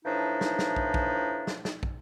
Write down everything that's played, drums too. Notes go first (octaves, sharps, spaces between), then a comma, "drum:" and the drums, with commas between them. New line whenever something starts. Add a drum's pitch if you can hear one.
A2 E3 F3 D4 D#4
drum: snare
drum: snare
drum: kick
drum: kick
drum: snare
drum: snare
drum: kick